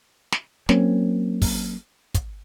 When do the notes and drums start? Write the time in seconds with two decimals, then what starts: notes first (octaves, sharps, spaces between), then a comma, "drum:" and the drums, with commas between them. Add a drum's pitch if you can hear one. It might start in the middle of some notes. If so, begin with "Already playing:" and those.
0.32 drum: snare
0.69 F#3 A#3 C4 C#4, drum: snare
1.42 drum: kick, open hi-hat
2.14 drum: kick, hi-hat